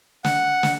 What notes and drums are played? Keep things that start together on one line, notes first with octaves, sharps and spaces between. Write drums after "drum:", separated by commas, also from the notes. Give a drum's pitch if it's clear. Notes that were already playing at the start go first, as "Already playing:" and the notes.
F#5, drum: snare
drum: snare